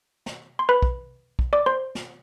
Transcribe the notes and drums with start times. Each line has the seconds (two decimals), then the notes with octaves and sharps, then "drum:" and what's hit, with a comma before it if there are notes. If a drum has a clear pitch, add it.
0.26 drum: snare
0.59 C6
0.69 B4 B5
0.82 drum: kick
1.39 drum: kick
1.53 D5 D6
1.66 C5 C6
1.95 drum: snare